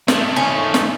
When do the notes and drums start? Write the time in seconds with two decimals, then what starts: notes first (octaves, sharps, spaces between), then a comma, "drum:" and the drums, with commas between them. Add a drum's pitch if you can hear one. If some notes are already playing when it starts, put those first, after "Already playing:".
0.08 D#3 A3, drum: snare
0.36 C#4
0.74 drum: snare